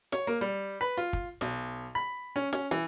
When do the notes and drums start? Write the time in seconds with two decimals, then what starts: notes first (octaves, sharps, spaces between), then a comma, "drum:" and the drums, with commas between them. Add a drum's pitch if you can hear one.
0.12 C#5, drum: snare
0.27 A#3
0.41 G3
0.81 B4
0.97 F4
1.13 drum: kick
1.41 B1, drum: snare
1.95 B5
2.36 C#4
2.53 C#4, drum: snare
2.71 E3, drum: snare